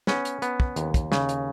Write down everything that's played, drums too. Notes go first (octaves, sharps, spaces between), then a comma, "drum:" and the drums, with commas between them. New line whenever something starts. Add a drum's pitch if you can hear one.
B3 C#4, drum: snare
drum: hi-hat
B3, drum: hi-hat
drum: kick
D#2, drum: hi-hat
drum: kick, hi-hat
C#3, drum: snare
drum: hi-hat